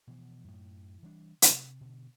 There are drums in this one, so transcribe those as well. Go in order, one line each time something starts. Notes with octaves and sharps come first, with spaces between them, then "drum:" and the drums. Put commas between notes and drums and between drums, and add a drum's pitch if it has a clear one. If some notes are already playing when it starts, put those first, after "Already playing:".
B2 E3 F3
F#2 A2
E3 G3 D4
C3, drum: hi-hat
B2 D3